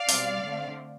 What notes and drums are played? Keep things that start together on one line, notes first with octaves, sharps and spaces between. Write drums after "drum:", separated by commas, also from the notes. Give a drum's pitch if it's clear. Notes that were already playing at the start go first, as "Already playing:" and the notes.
Already playing: D5 F5
B2 G3 C4, drum: open hi-hat
D3 A3 C4